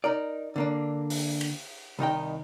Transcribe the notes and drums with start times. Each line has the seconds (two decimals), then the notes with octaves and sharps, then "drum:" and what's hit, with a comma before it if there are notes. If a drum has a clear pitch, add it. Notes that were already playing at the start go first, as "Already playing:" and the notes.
0.04 D#4 A#4 D5
0.56 D3 A#3 D4
1.10 drum: open hi-hat
1.41 drum: cymbal
1.99 C2 D#3 D#4 G5